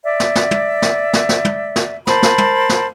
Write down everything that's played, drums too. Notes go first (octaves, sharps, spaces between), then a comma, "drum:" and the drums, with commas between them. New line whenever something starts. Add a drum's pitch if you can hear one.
D5 E5
drum: snare
drum: snare
drum: tom
drum: snare
drum: snare
drum: snare
drum: tom
drum: snare
A#4 C5 A5 B5, drum: snare
drum: snare
drum: tom
drum: snare